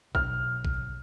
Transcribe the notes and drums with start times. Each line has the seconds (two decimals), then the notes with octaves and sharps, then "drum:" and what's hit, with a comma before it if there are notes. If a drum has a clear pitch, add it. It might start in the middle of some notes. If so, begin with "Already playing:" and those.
0.15 B1 F6, drum: kick A#1
0.65 drum: kick A#1